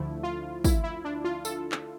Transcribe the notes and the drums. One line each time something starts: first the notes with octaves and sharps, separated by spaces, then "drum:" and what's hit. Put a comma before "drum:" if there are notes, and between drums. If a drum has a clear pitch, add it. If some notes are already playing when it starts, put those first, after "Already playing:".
Already playing: D2 D3 F3 A3 E4
F4
E4, drum: kick, tambourine
E4
D4
F4
A4, drum: tambourine
drum: clap